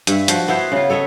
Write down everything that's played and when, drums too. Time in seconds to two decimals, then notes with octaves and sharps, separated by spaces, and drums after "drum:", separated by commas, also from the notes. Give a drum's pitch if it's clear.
0.07 G2 E5, drum: hi-hat
0.28 F3 F#4, drum: hi-hat
0.48 B3 E4 F#4 C5
0.72 C#3 F4
0.89 A4 C#5 D#5 E5